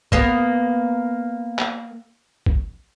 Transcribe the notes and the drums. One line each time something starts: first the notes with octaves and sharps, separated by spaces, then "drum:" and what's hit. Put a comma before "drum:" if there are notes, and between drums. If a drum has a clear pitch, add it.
A#3 B3, drum: kick
drum: clap
drum: kick